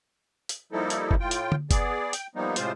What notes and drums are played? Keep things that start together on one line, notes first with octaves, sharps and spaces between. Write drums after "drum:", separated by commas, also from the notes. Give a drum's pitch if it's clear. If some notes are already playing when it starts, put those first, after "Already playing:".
drum: hi-hat
F3 G3 A#3 D#4 E4 A4
drum: hi-hat
drum: kick F#1
A2 F4 G5
drum: hi-hat
drum: tom
B3 G#4 D5, drum: kick F#1, hi-hat
G5, drum: hi-hat
F3 G3 A#3 B3 D#4
A2 C3 G#3 F4 C5, drum: hi-hat